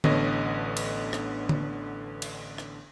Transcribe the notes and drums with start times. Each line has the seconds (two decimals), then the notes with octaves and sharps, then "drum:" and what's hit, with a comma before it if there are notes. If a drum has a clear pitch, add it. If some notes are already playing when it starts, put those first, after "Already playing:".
0.04 A1 D3 B3 C#5 D#5, drum: tom D3
0.77 drum: cymbal
1.13 drum: rim click
1.49 drum: tom D3
2.22 drum: cymbal
2.58 drum: rim click